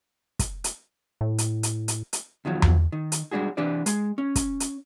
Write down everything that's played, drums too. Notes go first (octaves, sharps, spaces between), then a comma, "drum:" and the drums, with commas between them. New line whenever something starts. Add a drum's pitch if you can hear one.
drum: kick, hi-hat
drum: hi-hat
A2
drum: hi-hat
drum: hi-hat
drum: hi-hat
drum: hi-hat
E2 D#3 F3 F#3
drum: tom E2
D#3
drum: hi-hat
G3 G#3 D4 F#4 G#4
E3 D4 G4 B4 D5
G#3, drum: hi-hat
C#4
drum: kick, hi-hat
drum: hi-hat